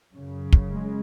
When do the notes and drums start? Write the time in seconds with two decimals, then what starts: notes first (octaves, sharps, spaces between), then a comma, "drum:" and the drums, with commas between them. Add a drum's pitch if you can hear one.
0.13 F#2 C#3
0.53 drum: kick
0.72 G#3